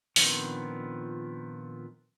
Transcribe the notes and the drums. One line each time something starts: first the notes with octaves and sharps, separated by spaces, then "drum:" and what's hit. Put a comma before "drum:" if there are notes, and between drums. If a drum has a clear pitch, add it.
A#2 D#3 F3 B3 C4 D4, drum: open hi-hat